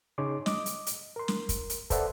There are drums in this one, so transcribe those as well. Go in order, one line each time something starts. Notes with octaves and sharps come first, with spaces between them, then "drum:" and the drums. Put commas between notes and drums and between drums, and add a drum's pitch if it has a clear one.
C#3 D#4 G#4 C#5 C6 D6
D#5 D6, drum: snare
drum: hi-hat
drum: hi-hat
A#4 C6
drum: snare
drum: kick, hi-hat
drum: hi-hat
A4 B4 C5 D5 E5 F#5, drum: kick, hi-hat